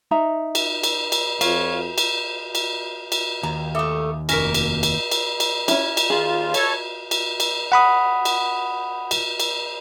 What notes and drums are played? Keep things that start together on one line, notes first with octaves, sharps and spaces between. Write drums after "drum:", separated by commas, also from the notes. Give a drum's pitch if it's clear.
D#4 E5 A#5
drum: cymbal
drum: cymbal
drum: cymbal
F2 F4 C#5, drum: cymbal
drum: cymbal
drum: cymbal
drum: cymbal
D#2 A#5
A3 A4 E5 D6 D#6
F1 F2 A#3 C#4 A#4 A#6 B6, drum: cymbal
drum: cymbal
drum: cymbal
drum: cymbal
drum: cymbal
C#4 E4, drum: cymbal
drum: cymbal
D#2 F4 G#4
A4 C#5, drum: cymbal
drum: cymbal
drum: cymbal
F#5 B5 D#6
drum: cymbal
drum: cymbal
drum: cymbal